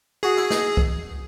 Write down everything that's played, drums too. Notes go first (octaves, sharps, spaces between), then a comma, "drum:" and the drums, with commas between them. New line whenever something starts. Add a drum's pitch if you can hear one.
F#4 G#4
E4
D#4, drum: snare
drum: kick C2